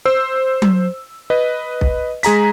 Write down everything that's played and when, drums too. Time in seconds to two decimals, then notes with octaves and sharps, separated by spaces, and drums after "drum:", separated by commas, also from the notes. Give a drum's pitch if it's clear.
0.05 C5 E6
0.62 drum: tom F#3
1.30 B4 D#5
1.81 drum: kick B1
2.23 G#3 G#4 A#5 B6, drum: hi-hat